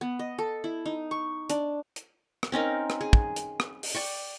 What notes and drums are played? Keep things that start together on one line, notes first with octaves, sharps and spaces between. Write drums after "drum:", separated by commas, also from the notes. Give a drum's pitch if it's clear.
B3
D#5
A4
E4
D#4
C#6
D4, drum: hi-hat
drum: hi-hat
drum: rim click
C4 C#4 D#4 A#4
drum: rim click
G#4
drum: kick
drum: hi-hat
drum: rim click
drum: open hi-hat
D5 G5 C#6